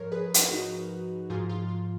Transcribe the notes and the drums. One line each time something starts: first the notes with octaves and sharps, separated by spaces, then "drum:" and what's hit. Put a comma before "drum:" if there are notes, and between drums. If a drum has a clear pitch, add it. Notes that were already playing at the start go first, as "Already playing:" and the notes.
Already playing: G#2 F3 A#4 C#5
G#4 B4
drum: hi-hat
D#4 F#4
G#2 F3 F4 G#4
F4
F4